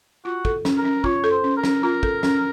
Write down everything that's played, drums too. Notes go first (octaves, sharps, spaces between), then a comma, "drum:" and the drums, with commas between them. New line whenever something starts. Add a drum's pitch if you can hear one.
F4 F#4
A4, drum: kick
C#4, drum: snare
A#4
C#4
F4 C#5, drum: kick
A4
C5
C#4
A#4
C#4, drum: snare
F4 A#4
A4, drum: kick
C#4, drum: snare